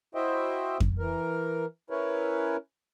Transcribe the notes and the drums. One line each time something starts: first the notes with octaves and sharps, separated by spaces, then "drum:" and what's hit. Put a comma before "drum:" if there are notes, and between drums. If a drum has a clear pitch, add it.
E4 F#4 C5 D#5 E5 G5
drum: kick F2
E3 A#4
C#4 E4 A#4 B4 C#5